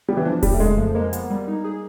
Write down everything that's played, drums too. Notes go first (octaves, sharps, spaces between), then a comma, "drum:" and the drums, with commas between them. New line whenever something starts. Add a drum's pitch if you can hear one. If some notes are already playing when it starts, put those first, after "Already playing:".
G3 B3
E3
F3 D4
C#3 G3, drum: kick D#1, open hi-hat
A3
F2 G#3
F3 A3
G#3 A#3
B3, drum: hi-hat
G3
D#4
G#4